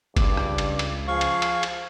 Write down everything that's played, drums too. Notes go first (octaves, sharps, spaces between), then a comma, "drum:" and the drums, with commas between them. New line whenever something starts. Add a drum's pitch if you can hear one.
C#2 G2 D6, drum: kick G1, cymbal
drum: rim click
drum: cymbal
drum: cymbal
F3 G#4 F5 C#6
drum: cymbal
drum: cymbal
drum: cymbal